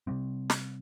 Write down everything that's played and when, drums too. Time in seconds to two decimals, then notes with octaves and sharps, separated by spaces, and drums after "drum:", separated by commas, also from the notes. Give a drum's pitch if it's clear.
0.07 C3 G3 C4
0.50 drum: snare